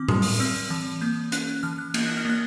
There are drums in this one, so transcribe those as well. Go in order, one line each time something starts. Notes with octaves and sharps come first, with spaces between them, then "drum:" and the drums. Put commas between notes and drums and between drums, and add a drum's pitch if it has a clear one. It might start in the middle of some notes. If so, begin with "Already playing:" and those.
Already playing: D#3 C4 D6
G3 D#6, drum: tom A2
drum: open hi-hat
C4 E6
E3
A#3 G6
C#4 F#6, drum: hi-hat
F#6
E3 F6
F#6
A#3 G6, drum: cymbal
F#6
F6
A#3 F#6